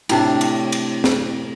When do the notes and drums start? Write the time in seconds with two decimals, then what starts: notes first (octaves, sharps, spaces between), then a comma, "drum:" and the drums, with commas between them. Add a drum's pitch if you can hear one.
0.09 A2 C3 D4, drum: cymbal
0.41 drum: cymbal
0.72 drum: cymbal
1.04 drum: snare